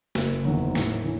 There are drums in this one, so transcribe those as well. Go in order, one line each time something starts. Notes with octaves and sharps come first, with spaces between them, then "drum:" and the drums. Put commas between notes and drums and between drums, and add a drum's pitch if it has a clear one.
F#1, drum: snare
E2 D#3 F#3
A2, drum: snare
E3